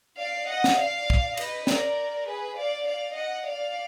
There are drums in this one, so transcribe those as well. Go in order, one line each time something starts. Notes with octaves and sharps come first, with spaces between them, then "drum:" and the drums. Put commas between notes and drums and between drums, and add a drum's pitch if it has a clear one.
D5 F5
D#5 F#5
drum: snare
D5 F5
drum: kick
B4 D#5, drum: cymbal
A#4 D5, drum: snare
G#4 B4
D5 F5
D5 F5
D#5 F#5
D5 F5